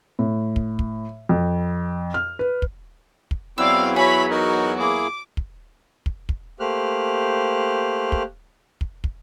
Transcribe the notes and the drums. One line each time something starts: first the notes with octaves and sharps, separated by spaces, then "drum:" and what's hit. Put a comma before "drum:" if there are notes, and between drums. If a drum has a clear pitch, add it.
A2
drum: kick
drum: kick
F2
F6
B4
drum: kick
drum: kick
E2 F#3 C4 E4 D5 F5 E6
E4 F#4 G#4 C#5 B5
D#4 F#4 A#4
A#3 E4 G#4 D6
drum: kick
drum: kick
drum: kick
A3 A#3 G4 C5 F6 F#6
drum: kick
drum: kick
drum: kick